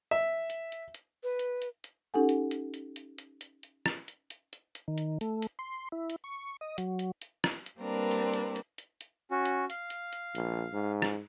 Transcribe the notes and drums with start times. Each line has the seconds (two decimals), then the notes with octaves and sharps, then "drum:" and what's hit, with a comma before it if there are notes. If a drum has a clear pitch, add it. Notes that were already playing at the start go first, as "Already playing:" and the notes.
0.11 E5
0.50 drum: hi-hat
0.72 drum: hi-hat
0.95 drum: hi-hat
1.23 B4
1.39 drum: hi-hat
1.62 drum: hi-hat
1.84 drum: hi-hat
2.14 C#4 D#4 G4 A4 F#5 G#5
2.29 drum: hi-hat
2.51 drum: hi-hat
2.74 drum: hi-hat
2.96 drum: hi-hat
3.18 drum: hi-hat
3.41 drum: hi-hat
3.63 drum: hi-hat
3.86 drum: rim click
4.08 drum: hi-hat
4.30 drum: hi-hat
4.53 drum: hi-hat
4.75 drum: hi-hat
4.88 D#3
4.98 drum: hi-hat
5.21 A3, drum: hi-hat
5.42 drum: hi-hat
5.59 C6
5.92 E4
6.10 drum: hi-hat
6.24 C#6
6.61 D#5
6.78 F#3, drum: hi-hat
6.99 drum: hi-hat
7.22 drum: hi-hat
7.44 drum: rim click
7.66 drum: hi-hat
7.80 G3 A#3 C4 D4 A#4 B4
8.11 drum: hi-hat
8.34 drum: hi-hat
8.56 drum: hi-hat
8.78 drum: hi-hat
9.01 drum: hi-hat
9.31 C#4 F#4
9.45 drum: hi-hat
9.70 F5, drum: hi-hat
9.90 drum: hi-hat
10.13 drum: hi-hat
10.35 A#1, drum: hi-hat
10.73 G#2
11.02 drum: rim click